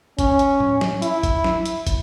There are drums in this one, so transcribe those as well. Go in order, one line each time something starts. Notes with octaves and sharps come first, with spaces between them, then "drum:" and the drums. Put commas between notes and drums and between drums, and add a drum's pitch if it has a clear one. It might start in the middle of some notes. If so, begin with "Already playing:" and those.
C#4, drum: kick, hi-hat
drum: hi-hat
drum: tom A2
drum: snare
E4, drum: hi-hat
drum: kick, hi-hat
drum: snare
drum: hi-hat
drum: kick, hi-hat